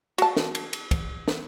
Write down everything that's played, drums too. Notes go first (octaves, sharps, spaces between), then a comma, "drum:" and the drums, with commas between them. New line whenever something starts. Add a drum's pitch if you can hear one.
F#4 A5, drum: cymbal
drum: snare
drum: cymbal
drum: cymbal
drum: kick, cymbal
drum: snare